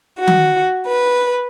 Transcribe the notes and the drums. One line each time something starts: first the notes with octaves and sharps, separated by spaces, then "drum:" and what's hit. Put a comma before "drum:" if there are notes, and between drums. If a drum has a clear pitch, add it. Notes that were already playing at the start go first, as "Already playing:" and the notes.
F#4
drum: tom D#3
B4